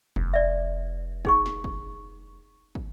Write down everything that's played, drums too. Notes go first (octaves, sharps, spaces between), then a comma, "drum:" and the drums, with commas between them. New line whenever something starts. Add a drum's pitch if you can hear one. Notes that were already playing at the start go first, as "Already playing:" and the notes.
F1, drum: kick
D5 E5
D#4 G#4 C#6, drum: kick
drum: snare
drum: kick
drum: kick